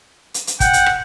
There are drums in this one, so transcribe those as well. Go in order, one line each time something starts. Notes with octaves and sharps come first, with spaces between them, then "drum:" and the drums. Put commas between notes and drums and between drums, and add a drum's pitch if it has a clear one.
drum: hi-hat
drum: hi-hat
F#5 G5, drum: kick, hi-hat
drum: hi-hat
drum: rim click